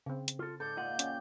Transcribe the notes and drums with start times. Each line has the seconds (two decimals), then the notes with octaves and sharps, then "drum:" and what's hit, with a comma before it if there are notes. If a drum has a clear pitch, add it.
0.06 C#3 C4
0.28 drum: hi-hat
0.39 F4 A4
0.60 G#2 A4 D5 G6
0.77 A#2 F4 D#5 F#5
0.99 C#4 G4 G5, drum: hi-hat